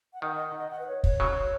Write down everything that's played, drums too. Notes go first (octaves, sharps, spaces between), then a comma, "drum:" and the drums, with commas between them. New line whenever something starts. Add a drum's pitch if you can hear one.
F#5
D#3 D#5
F#5
D#5
F#5
D#5
F#5
B4
C#5
C#5, drum: kick
C#3 F#3